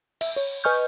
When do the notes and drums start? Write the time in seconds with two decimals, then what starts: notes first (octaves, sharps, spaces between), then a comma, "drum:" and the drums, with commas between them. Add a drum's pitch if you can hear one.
0.21 E5, drum: cymbal
0.36 C#5
0.64 B4 D#5 G#5 C#6 F6 G6